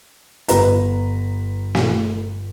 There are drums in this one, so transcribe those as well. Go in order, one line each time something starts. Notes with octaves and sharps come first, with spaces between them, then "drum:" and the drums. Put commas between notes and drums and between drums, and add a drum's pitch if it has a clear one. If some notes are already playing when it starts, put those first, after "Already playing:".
G1 B4 A#5, drum: hi-hat
drum: snare